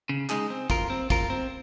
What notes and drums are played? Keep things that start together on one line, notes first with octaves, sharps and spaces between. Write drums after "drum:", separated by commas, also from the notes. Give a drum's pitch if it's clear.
C#3
G#3 D#4 G#4, drum: clap
C4
F4 A#4, drum: kick, tambourine
C4
F4 A#4, drum: kick, tambourine
C4